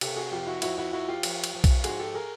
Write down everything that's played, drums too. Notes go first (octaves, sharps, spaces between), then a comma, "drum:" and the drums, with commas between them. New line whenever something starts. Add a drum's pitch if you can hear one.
C3 G4 A4, drum: cymbal
F#4 G#4
F2 F4 G4
E4 F#4
F2 E4 F#4, drum: cymbal
E4 F#4
F3 E4 F#4
F4 G4
F3, drum: cymbal
drum: cymbal
F3
drum: kick B1, cymbal
G#2 F#4 G#4, drum: cymbal
G4 A4
G#4 A#4